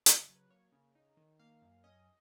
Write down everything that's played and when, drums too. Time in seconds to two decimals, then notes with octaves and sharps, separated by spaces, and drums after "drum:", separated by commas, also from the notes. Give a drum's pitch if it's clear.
0.06 C#3 D#5, drum: hi-hat
0.21 C#5
0.29 F#3
0.36 B4
0.50 A#3 C#5
0.72 C#3
0.95 D#4
1.17 D#3
1.39 A#3 F5
1.62 F#2
1.84 C#4 D#5